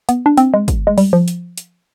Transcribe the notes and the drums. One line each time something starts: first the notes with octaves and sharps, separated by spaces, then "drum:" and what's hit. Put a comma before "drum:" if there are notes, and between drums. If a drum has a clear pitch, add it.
B3, drum: hi-hat
D4
C4, drum: hi-hat
G#3
drum: kick, hi-hat
G#3
G3, drum: open hi-hat
F3
drum: hi-hat
drum: hi-hat